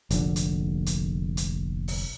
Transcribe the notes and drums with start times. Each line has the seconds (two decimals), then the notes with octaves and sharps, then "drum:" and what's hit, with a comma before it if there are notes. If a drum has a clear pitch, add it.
0.10 F1 A#1 D3, drum: hi-hat
0.36 drum: hi-hat
0.86 drum: hi-hat
1.37 drum: hi-hat
1.88 drum: open hi-hat